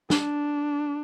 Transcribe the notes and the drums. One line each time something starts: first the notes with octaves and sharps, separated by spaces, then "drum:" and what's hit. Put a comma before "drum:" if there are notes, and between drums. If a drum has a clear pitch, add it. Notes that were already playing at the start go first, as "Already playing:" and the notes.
D4, drum: snare